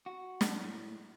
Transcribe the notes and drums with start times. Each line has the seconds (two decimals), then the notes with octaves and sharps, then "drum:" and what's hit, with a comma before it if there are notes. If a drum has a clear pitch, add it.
0.06 F#4
0.41 F#2 D4, drum: snare
0.60 A2